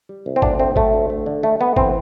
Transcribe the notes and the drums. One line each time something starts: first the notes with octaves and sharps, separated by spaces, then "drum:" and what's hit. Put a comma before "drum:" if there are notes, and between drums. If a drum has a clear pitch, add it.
G3
C2
C4
D2 D4, drum: kick G#1
A3 C4
F#3 A3, drum: kick G#1
D2
A3
D3
A3
A3 B3
E3 C4, drum: kick G#1